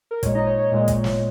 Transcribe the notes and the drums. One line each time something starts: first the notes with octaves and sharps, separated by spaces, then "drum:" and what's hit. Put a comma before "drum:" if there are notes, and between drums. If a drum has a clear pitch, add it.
A#4
A#2 G#3 C#5, drum: kick, hi-hat
D#4 D#5
C#5
C#5
A#2 G#3
drum: kick, hi-hat
drum: snare